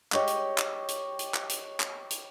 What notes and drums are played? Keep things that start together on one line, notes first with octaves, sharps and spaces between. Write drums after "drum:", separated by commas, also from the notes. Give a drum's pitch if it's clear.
G4 C#5 D#5 C#6, drum: clap
drum: hi-hat
drum: clap
drum: hi-hat
drum: hi-hat
drum: clap
drum: hi-hat
drum: clap
drum: hi-hat